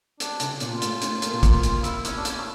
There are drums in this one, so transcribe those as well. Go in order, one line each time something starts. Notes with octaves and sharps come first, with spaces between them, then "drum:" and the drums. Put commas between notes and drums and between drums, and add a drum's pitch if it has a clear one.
D4, drum: hi-hat
C#3 C#4, drum: hi-hat
A#2 A#3, drum: hi-hat
F4
A2 A3, drum: hi-hat
C#4, drum: hi-hat
A#3
A3, drum: hi-hat
A#2 A#3
drum: kick, hi-hat
drum: hi-hat
E4, drum: hi-hat
C#4, drum: hi-hat
D4
C#4, drum: hi-hat
A3